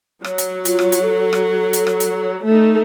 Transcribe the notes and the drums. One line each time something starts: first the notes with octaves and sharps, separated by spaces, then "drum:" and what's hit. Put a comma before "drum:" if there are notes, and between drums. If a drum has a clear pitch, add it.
F#3, drum: rim click
drum: hi-hat
F4, drum: hi-hat
drum: rim click
drum: hi-hat
A4
drum: rim click
drum: hi-hat
drum: rim click
drum: hi-hat
A3 D#4